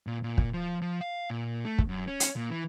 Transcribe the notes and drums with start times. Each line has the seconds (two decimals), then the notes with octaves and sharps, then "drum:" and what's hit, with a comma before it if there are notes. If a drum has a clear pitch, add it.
0.07 A#2
0.23 A#2
0.38 drum: kick
0.53 F3
0.82 F3
1.01 F5
1.30 A#2
1.65 A3
1.79 drum: kick
1.88 F#2
2.07 C#4
2.20 drum: hi-hat
2.36 A#2
2.50 E3